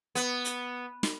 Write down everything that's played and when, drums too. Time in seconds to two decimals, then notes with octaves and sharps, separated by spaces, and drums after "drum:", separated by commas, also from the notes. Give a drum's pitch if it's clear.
0.15 B3, drum: hi-hat
0.45 drum: hi-hat
1.03 drum: snare